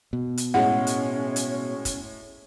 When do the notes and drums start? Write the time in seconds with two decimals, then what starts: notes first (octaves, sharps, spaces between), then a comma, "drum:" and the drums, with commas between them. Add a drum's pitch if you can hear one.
0.13 B2
0.37 drum: hi-hat
0.54 A2 G#3 C#4 F#5
0.87 drum: hi-hat
1.36 drum: hi-hat
1.85 drum: kick, hi-hat